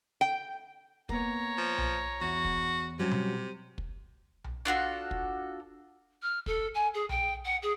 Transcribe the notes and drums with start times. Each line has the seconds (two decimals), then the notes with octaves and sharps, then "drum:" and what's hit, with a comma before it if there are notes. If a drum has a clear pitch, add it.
0.21 G5
1.09 A#3 B3 C#5 A#5, drum: kick
1.57 F3
1.78 drum: tom B1
2.21 E2 F#4
2.45 drum: kick
2.99 C3 F#3 G3 C#4
3.11 drum: tom B2
3.78 drum: kick
4.44 drum: tom B1
4.65 D4 F4 F#4 A4
5.11 drum: kick
6.22 F6
6.46 A4, drum: kick
6.74 G#5
6.94 G#4
7.09 G5, drum: tom B1
7.45 F#5
7.62 G#4